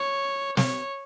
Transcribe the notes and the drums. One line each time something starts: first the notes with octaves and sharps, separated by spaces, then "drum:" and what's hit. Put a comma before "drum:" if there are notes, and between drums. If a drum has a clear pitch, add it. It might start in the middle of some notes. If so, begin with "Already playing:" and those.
Already playing: C#5
C#5, drum: snare